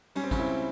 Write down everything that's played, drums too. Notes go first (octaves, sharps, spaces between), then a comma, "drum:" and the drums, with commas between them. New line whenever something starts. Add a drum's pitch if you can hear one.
G3 C#4, drum: cymbal
C4
C#2 C#4, drum: kick G#1, cymbal
C4 E4